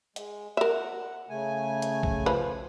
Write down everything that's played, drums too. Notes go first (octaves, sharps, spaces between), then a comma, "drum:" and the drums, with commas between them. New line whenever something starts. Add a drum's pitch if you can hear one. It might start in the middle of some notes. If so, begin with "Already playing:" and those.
G#3, drum: hi-hat
A#4 E5 F#5
C#3 A3 G#5
drum: hi-hat
drum: kick A#1
F3 B4